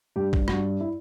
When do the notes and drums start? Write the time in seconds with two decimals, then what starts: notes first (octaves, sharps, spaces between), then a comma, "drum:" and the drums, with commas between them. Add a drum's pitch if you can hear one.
0.16 G2 G4
0.33 drum: kick A#1
0.48 G2 F#4, drum: rim click
0.80 E4